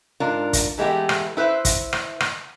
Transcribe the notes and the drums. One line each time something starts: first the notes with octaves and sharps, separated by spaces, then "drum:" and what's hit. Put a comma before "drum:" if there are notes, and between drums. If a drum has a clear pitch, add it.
G#2 D4 F4 A#4
drum: kick, hi-hat
E3 G#3 A3 B3 G4
drum: rim click
E4 B4 C5 E5
drum: kick, hi-hat
drum: rim click
drum: rim click